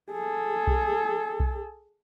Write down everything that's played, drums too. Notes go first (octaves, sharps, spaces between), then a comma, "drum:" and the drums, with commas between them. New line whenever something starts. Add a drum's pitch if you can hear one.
G#4 A4
drum: kick B1
drum: kick B1